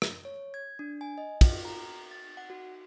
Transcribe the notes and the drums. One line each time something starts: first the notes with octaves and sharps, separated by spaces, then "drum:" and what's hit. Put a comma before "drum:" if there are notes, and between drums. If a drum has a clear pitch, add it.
drum: rim click
C#5
G#6
D4
G#5
D#5
F4, drum: kick, cymbal
A#5
A6
F#5
F#4